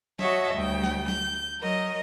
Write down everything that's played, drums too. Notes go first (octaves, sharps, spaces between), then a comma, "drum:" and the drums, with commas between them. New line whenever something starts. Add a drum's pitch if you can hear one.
F#4 C#5 D#5 E5 A5, drum: snare
D2 G3 G5
drum: snare
G6, drum: snare
F#3 A#4 D#5